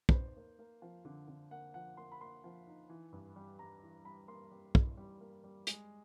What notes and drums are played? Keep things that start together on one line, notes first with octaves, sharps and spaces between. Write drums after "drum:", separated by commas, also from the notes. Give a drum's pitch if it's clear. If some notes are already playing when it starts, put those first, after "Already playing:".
B4, drum: kick
D#4 C5
A#3
A#3
F3
D3
D3
A#3 F#5
F3 F#5
A#3 C6
B5
A#3 C6
F3
D#4
E3
G2
G3
G3 A#5
E3
G3 B5
A#3 C6
G3
E3, drum: kick
G3
A#3
G3
G#3, drum: hi-hat